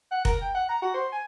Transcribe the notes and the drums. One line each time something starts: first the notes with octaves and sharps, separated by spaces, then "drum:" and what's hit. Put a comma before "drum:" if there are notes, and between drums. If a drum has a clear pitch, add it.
F#5
A#4, drum: kick F1
G5
F#5
A#5
F#4
C5
G#5